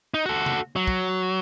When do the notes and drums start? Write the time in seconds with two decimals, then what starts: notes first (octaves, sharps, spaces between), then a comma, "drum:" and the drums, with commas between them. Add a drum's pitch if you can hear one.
0.14 D#4
0.26 F#4 A4
0.46 drum: tom C3
0.76 F#3
0.87 drum: kick